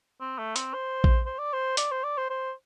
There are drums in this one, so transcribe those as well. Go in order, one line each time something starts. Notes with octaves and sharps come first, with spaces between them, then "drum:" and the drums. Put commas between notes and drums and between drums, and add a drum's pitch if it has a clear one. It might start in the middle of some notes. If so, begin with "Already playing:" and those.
C4
A3
C4, drum: hi-hat
C5
drum: kick A#1
C5
D5
C5
D5, drum: hi-hat
C5
D5
C5
C5